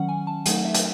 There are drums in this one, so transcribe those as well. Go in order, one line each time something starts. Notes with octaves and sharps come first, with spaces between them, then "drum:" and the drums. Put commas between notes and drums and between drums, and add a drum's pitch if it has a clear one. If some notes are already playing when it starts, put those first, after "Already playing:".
Already playing: D#3 F#3 C#4 F#5
G#5
A5
F#3 A3 D#4 F#5, drum: hi-hat
E5
drum: hi-hat